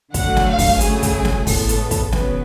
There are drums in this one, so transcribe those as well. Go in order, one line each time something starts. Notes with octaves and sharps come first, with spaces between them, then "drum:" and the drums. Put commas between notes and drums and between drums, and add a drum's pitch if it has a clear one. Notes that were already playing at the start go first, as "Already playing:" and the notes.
D3 F#3 A3 F#5, drum: kick, hi-hat
drum: snare
F5
drum: kick, open hi-hat
C#3 F#3 A3 G#4, drum: hi-hat
drum: kick, hi-hat
drum: snare
A2 G#3 B3 A4, drum: kick, open hi-hat
drum: hi-hat
drum: kick, hi-hat
C#3 F#3 B3 B4, drum: snare